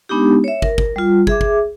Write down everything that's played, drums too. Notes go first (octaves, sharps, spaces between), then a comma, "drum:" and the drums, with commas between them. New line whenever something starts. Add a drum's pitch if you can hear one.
G#3 B3 D4 D#4 G4
C#5 E5
A#4, drum: kick
drum: kick
G3 F4
G#4 E5 D6, drum: kick
drum: kick